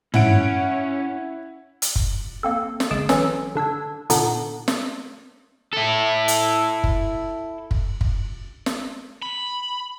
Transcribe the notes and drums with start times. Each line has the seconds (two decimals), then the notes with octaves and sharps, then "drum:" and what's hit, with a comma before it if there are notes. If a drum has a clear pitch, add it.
0.14 C#4 E4 F#5 D7, drum: tom
1.82 drum: hi-hat
1.96 drum: kick
2.43 A#3 C4 A4
2.80 drum: snare
2.91 G1 G#3 G#4 A6 D7 E7
3.09 E3 F#3 C#4 A4, drum: snare
3.55 D3 D4 E6 G#6
4.10 A#2 D3 B3 D4 D#4, drum: hi-hat
4.68 drum: snare
5.74 E4 A4
6.28 drum: hi-hat
6.84 drum: kick
7.71 drum: kick
8.01 drum: kick
8.66 drum: snare
9.22 B5